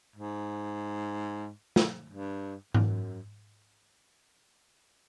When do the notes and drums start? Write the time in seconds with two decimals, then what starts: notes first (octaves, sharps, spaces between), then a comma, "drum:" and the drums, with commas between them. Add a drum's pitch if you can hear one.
0.16 G#2
1.76 drum: snare
2.10 G2
2.74 F#2, drum: tom G#2